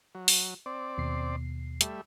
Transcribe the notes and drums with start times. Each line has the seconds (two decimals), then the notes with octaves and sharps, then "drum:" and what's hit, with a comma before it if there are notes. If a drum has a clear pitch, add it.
0.15 F#3
0.28 drum: open hi-hat
0.66 C4 D5
0.98 D#2 B2 C7
1.81 G3 A3 E5, drum: hi-hat